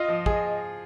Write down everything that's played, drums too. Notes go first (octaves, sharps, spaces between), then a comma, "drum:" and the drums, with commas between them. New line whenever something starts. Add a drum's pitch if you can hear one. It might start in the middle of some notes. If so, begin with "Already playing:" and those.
Already playing: F4 D#5
F3
G#4, drum: kick